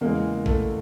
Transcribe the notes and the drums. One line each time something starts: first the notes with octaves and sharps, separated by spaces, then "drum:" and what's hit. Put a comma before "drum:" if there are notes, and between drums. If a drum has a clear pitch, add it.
E2 C#3 E3 G#3 A#3 A#4
A3 A4, drum: kick